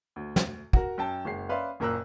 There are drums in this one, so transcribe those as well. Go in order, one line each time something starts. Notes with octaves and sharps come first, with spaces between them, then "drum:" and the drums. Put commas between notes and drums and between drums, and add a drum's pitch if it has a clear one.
D2
drum: snare
F#4 A#4, drum: kick
F#2 G5 A5
F#1 G#3 C7
C#4 B4 D5 E5 F5 C6
F#1 A#2 A#4 E6 F#6